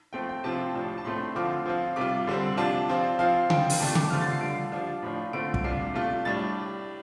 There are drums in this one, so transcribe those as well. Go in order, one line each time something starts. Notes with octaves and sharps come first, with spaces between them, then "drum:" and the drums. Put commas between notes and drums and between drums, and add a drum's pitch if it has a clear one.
F3 A3 C4 G5
G5
C3 F3 C4 F4 A5
A2 F3 D4
A5
A2 A3 C4 C6
D3 F3 C4 F4 D6
F3 C4 F4
C3 G3 F4 D6
D3 G3 C4
C3 F3 D4 F4 A5
F3 C4 F4
F3 C4 F4 F5
F3 C4 F4 G5, drum: tom C#3
drum: open hi-hat
C3 A3 D4 F4 A5
D6, drum: tom C#3
D3 A3 C4 F4 F6
A6
C7
D3 G3 F4 D7
F3 D4 F4
A2 F3 D4 F4
D3 A3 C4 F4 D7
D7, drum: kick
C3 G3 D4 F4 C7
C3 A3 F4
A2 G3 D4 A6